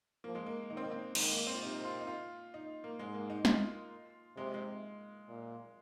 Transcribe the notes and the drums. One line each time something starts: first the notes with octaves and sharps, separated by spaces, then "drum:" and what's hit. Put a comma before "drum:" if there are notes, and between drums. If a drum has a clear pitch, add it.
F3 A#3
G#3
A#3
D#3 D#4
C4
A#3
C4
D#3 G#3, drum: cymbal
A#3
C4
F4
C3 D#4
F4
D#4
F4
D#4
A#3
G#2 G#3
A#3
D#4
F4, drum: snare
C3 G#3
G#3
A#2